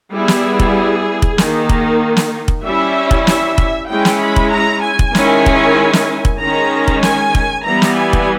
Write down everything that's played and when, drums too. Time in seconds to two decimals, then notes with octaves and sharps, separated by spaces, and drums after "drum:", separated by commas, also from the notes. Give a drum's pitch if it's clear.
0.12 G3 B3 E4 G#4
0.28 drum: snare
0.60 drum: kick
1.22 drum: kick
1.38 D#3 A#3 D#4, drum: snare
1.69 drum: kick
2.17 drum: snare
2.48 drum: kick
2.64 G3 C#4 E4 E5
3.11 drum: kick
3.27 E5, drum: snare
3.58 drum: kick
3.89 G#3 C#4 E4 G5
4.05 drum: snare
4.21 B5
4.36 drum: kick
4.52 A#5
4.84 G#5
4.99 drum: kick
5.15 D#3 G#3 C#4 E4, drum: snare
5.46 drum: kick
5.93 drum: snare
6.25 drum: kick
6.41 D#3 G#3 C#4 A#5
6.88 drum: kick
7.03 G#5, drum: snare
7.35 drum: kick
7.65 E3 G3 B3 A#5
7.82 drum: snare
7.97 G#5
8.13 drum: kick